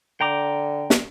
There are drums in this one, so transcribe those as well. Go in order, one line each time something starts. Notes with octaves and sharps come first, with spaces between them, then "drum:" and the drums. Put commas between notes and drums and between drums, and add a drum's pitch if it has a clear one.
D3 G5 A#5 D6
drum: snare